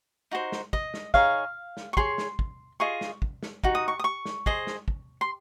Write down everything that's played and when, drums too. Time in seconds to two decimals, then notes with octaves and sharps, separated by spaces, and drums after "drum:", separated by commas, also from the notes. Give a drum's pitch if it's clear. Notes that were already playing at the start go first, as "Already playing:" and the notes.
0.31 D#4 F#4 C5
0.52 drum: snare
0.73 D#5, drum: kick
0.94 drum: snare
1.14 D#4 G#4 C#5 F5, drum: kick
1.77 drum: snare
1.93 C#6
1.97 G#4 C#5 C6, drum: kick
2.18 drum: snare
2.39 drum: kick
2.80 F4 G#4 D#5 C#6
3.01 drum: snare
3.22 drum: kick
3.43 drum: snare
3.64 D#4 F#4, drum: kick
3.75 D#6
3.88 C#6
3.99 D#6
4.04 C#6
4.25 drum: snare
4.46 G#4 C5 D#5, drum: kick
4.67 drum: snare
4.88 drum: kick
5.21 C6